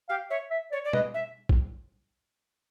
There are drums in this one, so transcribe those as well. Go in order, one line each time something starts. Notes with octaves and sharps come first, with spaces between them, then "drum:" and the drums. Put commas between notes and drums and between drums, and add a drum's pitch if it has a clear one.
G4 F5
C#5 E5
E5
C#5 D5
D5
B4 D#5, drum: tom B2
E5
drum: kick